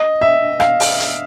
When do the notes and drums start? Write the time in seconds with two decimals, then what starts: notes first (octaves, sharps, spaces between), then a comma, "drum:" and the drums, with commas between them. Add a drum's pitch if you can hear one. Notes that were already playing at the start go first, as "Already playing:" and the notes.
Already playing: D#5
0.21 E5
0.60 F5, drum: rim click
0.80 drum: open hi-hat
1.00 drum: hi-hat